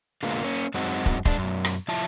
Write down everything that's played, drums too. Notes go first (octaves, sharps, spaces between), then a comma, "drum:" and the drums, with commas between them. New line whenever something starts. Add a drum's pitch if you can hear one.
D3 G#3 A#3 B3 F4
A#3 C#4
F#2 G#3 C4 D#4 F#4
drum: kick
G#3 D4, drum: kick
F#2 B2
drum: rim click
F3 E4 F4 E5 A5